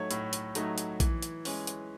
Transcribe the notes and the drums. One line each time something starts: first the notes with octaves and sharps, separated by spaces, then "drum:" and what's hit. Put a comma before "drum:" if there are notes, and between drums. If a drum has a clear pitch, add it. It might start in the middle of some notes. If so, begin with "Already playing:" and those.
Already playing: A2 F#3 A3 D#4 C#5
A2, drum: hi-hat
drum: hi-hat
F#3 A3 D#4, drum: hi-hat
drum: hi-hat
E3, drum: kick A#1, hi-hat
drum: hi-hat
G#3 C#4, drum: open hi-hat
drum: hi-hat